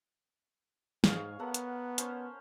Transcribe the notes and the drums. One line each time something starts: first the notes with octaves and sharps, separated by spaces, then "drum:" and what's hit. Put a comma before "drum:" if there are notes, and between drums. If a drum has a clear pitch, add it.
G#2 G#4 C#5 F5, drum: snare
B3 A4 A#4 F#5
drum: hi-hat
C#4 C5 C#5, drum: hi-hat